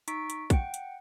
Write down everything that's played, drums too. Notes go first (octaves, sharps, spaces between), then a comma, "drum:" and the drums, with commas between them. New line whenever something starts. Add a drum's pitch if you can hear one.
D#4 C#6 B6 D7, drum: hi-hat
drum: hi-hat
F#5 G5, drum: kick, hi-hat
drum: hi-hat